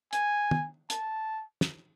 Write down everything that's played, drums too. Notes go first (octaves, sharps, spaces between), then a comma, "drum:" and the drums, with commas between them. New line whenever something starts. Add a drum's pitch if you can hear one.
G#5, drum: hi-hat
drum: tom
A5, drum: hi-hat
drum: snare